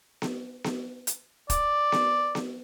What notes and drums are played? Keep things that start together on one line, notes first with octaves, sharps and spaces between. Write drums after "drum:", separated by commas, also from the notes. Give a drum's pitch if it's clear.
drum: snare B3
drum: snare B3
drum: hi-hat
D5, drum: kick, hi-hat
drum: snare B3
drum: snare B3